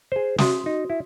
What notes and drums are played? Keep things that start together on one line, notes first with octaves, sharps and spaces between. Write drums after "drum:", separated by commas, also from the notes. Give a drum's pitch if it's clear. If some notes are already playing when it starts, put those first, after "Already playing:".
G#4 C5
F#4 E5 C6 D#6, drum: snare
D#4
E4